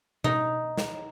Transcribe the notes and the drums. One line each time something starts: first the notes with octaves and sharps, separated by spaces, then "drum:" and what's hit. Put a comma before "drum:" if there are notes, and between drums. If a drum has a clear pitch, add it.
D#4, drum: tom B2
drum: snare